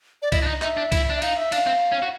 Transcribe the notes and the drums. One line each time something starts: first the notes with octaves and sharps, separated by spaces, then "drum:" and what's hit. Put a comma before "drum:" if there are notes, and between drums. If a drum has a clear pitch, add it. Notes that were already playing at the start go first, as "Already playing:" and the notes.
D5
E4 D#5, drum: kick C2, cymbal
D4
D#4
D#4 E5, drum: clap
D4
E4, drum: kick C2, cymbal
D4
E5
D#4 F5, drum: cymbal
E5
D4 F5, drum: cymbal
C4
C#4
F#4